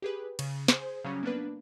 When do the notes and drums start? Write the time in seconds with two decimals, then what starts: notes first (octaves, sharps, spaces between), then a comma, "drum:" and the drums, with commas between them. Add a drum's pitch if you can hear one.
0.02 G4 G#4 B4
0.39 C#3, drum: cymbal
0.68 G#4 C5, drum: snare
1.04 C#3 F#3 G3 C#4
1.23 A#3 B3 D4 B4